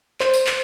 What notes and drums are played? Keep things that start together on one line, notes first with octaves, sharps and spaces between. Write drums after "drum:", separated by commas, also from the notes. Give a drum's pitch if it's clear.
C5, drum: clap
drum: tambourine
drum: clap